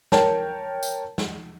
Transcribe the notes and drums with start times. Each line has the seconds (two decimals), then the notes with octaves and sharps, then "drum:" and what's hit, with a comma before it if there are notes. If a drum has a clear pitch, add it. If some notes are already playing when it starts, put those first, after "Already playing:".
0.12 A#4 C#5 G5 A5, drum: snare
0.83 drum: tambourine
1.18 drum: snare